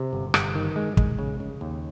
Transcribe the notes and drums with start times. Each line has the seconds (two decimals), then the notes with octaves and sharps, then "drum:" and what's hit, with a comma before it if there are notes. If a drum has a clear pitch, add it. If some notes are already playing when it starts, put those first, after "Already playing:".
Already playing: C3
0.13 G1
0.34 G1, drum: rim click
0.55 D#3
0.76 G#3
0.97 G#3, drum: kick
1.19 C#3
1.40 C#3
1.61 D#2